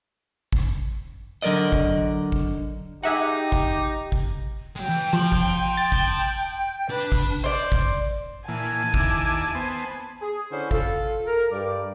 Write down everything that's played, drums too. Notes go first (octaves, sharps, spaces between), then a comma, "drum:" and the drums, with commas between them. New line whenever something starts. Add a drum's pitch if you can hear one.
drum: kick A1
D3 F#3 A#4 D5 D#5
drum: kick A1
drum: kick A1
D#4 G4 G#4 E5 F#5
drum: kick A1
drum: kick A1
F#3 G#3 G5
E3
F3 A5 C6
drum: kick A1
A6
drum: kick A1
D4 B4
drum: kick A1
C5 D5
drum: kick A1
A#2 E3 G#5 A5
D#2 E4 D6, drum: kick A1
B3 C5
G#4
D3 C#4 E4 C5
F4 A4, drum: kick A1
A#4
G2 D5